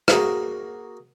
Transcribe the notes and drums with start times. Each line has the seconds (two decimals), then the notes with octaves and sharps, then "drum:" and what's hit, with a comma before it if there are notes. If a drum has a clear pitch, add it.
0.08 A#3 F#4 G#4 A#4, drum: rim click